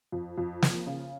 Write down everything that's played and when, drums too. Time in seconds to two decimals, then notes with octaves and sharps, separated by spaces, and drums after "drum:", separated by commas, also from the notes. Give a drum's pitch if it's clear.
0.12 F2
0.38 F2
0.62 F3, drum: snare
0.87 C#3